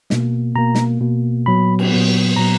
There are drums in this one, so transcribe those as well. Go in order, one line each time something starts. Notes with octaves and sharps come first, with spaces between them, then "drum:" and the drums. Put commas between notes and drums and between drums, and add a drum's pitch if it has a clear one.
B2 A#3, drum: snare
B2 A#3 A#5
drum: snare
B2 A#3
A#2 F#3 B3 B5
drum: cymbal
A#2 F#3 B3
A#2 F#3 B3 A#5